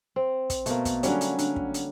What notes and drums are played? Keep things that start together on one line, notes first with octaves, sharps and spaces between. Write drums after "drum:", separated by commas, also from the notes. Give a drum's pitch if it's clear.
C4
drum: kick, hi-hat
B2 A3 A#3, drum: hi-hat
drum: kick, hi-hat
D3 F#3 G3 C#4, drum: hi-hat
drum: hi-hat
D3, drum: hi-hat
drum: kick
drum: hi-hat